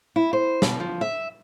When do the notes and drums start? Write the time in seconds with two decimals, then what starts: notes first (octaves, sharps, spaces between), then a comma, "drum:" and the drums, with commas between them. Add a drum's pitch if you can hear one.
0.16 E4
0.33 C5
0.62 B2, drum: snare
0.80 F3
1.01 E5